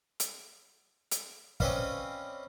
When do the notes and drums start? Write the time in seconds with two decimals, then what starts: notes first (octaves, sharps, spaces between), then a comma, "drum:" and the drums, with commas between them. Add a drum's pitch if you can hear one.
0.20 drum: hi-hat
1.11 drum: hi-hat
1.60 C4 C#4 B4 D5 D#5 F5, drum: kick